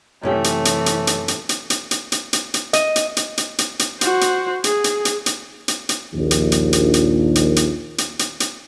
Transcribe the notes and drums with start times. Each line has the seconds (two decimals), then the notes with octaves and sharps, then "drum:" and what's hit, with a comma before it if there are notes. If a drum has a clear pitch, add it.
0.23 F#2 C3 E3 A3 C#4 G4
0.44 drum: hi-hat
0.65 drum: hi-hat
0.86 drum: hi-hat
1.07 drum: hi-hat
1.28 drum: hi-hat
1.49 drum: hi-hat
1.70 drum: hi-hat
1.91 drum: hi-hat
2.12 drum: hi-hat
2.33 drum: hi-hat
2.54 drum: hi-hat
2.73 D#5, drum: hi-hat
2.96 drum: hi-hat
3.17 drum: hi-hat
3.38 drum: hi-hat
3.58 drum: hi-hat
3.79 drum: hi-hat
4.01 F#4 C5, drum: hi-hat
4.21 drum: hi-hat
4.64 G#4, drum: hi-hat
4.84 drum: hi-hat
5.05 drum: hi-hat
5.26 drum: hi-hat
5.68 drum: hi-hat
5.89 drum: hi-hat
6.14 A#1 D#2
6.31 drum: hi-hat
6.52 drum: hi-hat
6.73 drum: hi-hat
6.94 drum: hi-hat
7.35 drum: hi-hat
7.56 drum: hi-hat
7.98 drum: hi-hat
8.19 drum: hi-hat
8.40 drum: hi-hat